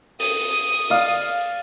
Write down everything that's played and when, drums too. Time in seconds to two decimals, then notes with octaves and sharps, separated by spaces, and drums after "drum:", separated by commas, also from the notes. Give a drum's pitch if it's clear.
0.20 D#6, drum: open hi-hat
0.90 D5 F5